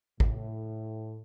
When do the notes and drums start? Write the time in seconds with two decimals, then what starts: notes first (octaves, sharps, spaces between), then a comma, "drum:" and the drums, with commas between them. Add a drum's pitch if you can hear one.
0.20 A2, drum: kick